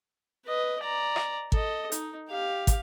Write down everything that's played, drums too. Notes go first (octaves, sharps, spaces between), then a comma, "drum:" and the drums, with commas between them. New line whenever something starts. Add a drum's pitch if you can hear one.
B4 D#5
D5 A#5
drum: rim click
A4 D#5, drum: kick
D#4, drum: hi-hat
G4 F5
drum: kick, hi-hat